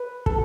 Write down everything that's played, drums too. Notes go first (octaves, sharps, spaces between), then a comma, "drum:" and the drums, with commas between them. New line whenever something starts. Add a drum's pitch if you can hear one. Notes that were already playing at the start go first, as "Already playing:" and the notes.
Already playing: B4
A4, drum: kick